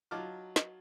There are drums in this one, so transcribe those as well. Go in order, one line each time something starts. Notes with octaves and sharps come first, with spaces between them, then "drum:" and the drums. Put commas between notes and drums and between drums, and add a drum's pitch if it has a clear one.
F#3 D#4 F4 A5 D6 F6
drum: snare